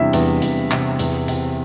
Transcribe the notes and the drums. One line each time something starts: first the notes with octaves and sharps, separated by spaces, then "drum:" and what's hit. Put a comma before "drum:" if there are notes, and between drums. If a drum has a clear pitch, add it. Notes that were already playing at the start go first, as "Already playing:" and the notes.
Already playing: E2 C3 G3 D4 E4 E5
E2, drum: hi-hat
E2, drum: hi-hat
C3, drum: clap
E2, drum: hi-hat
C3, drum: hi-hat